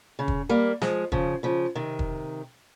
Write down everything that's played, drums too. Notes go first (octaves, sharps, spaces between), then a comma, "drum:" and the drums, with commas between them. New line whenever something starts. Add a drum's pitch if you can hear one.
C#3
drum: kick
G3 A#3
F3 G#3, drum: snare
C#3 F3, drum: kick
C#3 F3
C3 D#3
drum: kick